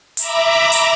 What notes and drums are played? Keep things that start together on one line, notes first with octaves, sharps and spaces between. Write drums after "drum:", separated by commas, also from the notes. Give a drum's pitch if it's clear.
E5 A#5 B5 D6, drum: hi-hat
drum: hi-hat